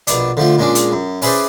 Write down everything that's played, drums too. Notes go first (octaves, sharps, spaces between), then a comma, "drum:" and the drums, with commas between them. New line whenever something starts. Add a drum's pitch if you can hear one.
A#1 B2 D4, drum: hi-hat
D3 F3 A3 F4
A#2 G#3 C#4 D4
drum: hi-hat
F#2
C#4 E4 G#4 B4 C5 D5, drum: open hi-hat